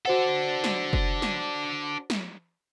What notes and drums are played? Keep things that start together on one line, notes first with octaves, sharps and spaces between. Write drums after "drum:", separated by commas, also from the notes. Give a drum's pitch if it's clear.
D4 F#4 A4 C5 F#5
drum: snare
drum: kick
drum: snare
drum: snare